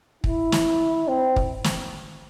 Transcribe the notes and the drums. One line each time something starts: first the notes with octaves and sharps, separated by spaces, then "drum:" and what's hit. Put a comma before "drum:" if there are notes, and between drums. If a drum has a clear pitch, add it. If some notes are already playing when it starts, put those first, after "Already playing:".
E4, drum: kick
drum: snare
C4
drum: kick
drum: snare